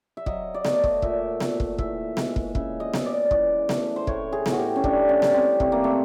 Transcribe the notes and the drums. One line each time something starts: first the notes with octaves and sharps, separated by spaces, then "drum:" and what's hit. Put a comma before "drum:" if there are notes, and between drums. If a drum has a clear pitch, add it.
E5
F#3 D#5, drum: kick
D5
A3 D#5, drum: snare B3
drum: kick
A#2 E5, drum: kick
A#2, drum: snare B3
drum: kick
E3 E5, drum: kick
G#3, drum: snare B3
drum: kick
C#3 E5, drum: kick
D#5
C#3, drum: snare B3
D5
E3, drum: kick
A3, drum: snare B3
C5
A2 C#5, drum: kick
G#4
A2, drum: snare B3
F#4
G4
C#4
E3 D4, drum: kick
C#4
G3, drum: snare B3
C4
C3 A3, drum: kick
A#3
A3